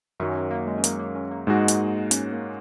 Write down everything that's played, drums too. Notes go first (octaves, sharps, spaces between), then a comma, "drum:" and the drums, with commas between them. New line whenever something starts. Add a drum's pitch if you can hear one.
F#2 D#3 F#3 C#4
C#4
A#3
G#3
C#4
A#3, drum: hi-hat
A#3
C#4
A#3
G#2 G#3 D#4 F#4
drum: hi-hat
C#4, drum: hi-hat
A#3